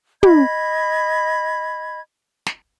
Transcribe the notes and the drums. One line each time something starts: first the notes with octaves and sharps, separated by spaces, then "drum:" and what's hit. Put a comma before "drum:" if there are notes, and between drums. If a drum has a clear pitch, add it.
D#5 B5 G#6, drum: tom
drum: snare